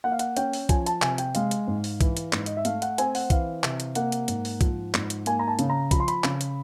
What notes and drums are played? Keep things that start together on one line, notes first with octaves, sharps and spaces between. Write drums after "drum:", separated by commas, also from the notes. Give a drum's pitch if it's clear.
A#3 F#5
F5
F#5, drum: hi-hat
C#4 G5, drum: hi-hat
drum: open hi-hat
F3 G#5, drum: kick B1, hi-hat
A5, drum: hi-hat
C3 G#5, drum: clap
G5, drum: hi-hat
G#3 F5, drum: hi-hat
drum: hi-hat
G#2
drum: open hi-hat
E3, drum: kick B1, hi-hat
drum: hi-hat
G#2, drum: clap
D#5, drum: hi-hat
E5
A3 F5, drum: hi-hat
F#5, drum: hi-hat
C4 G#5, drum: hi-hat
F#5, drum: open hi-hat
E3 F5, drum: kick B1, hi-hat
C3, drum: clap
drum: hi-hat
A#3 F#5, drum: hi-hat
drum: hi-hat
G#2, drum: hi-hat
drum: open hi-hat
F3, drum: kick B1, hi-hat
G#2, drum: clap
drum: hi-hat
A#3 G#5, drum: hi-hat
A#5
A5
C#3, drum: hi-hat
A#5
F3 B5, drum: kick B1, hi-hat
C6
B5, drum: hi-hat
C#3, drum: clap
drum: hi-hat